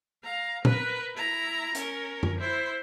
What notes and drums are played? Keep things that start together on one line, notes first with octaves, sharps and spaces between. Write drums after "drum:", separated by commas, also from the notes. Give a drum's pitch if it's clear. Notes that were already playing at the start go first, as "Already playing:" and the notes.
F5 A#5
A#4 B4, drum: tom A#2
E4 A#5
C#4 A#4, drum: hi-hat
drum: tom F#2
E4 C5